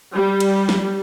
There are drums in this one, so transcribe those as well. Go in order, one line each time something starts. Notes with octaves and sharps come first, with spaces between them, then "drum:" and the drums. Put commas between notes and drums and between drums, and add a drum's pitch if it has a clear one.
G3
drum: cymbal
drum: snare